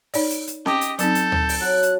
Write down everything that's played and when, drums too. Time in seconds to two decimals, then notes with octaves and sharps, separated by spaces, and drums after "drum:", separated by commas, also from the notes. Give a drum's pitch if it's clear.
0.14 D#4 C#5 D5, drum: open hi-hat
0.30 drum: hi-hat
0.47 drum: hi-hat
0.66 C#4 G4 D#5, drum: snare C4
0.81 drum: hi-hat
0.99 F#3 C4 D#4 A4 G6, drum: hi-hat
1.15 drum: hi-hat
1.32 drum: tom
1.49 drum: open hi-hat
1.61 F#3 F#6
1.83 drum: hi-hat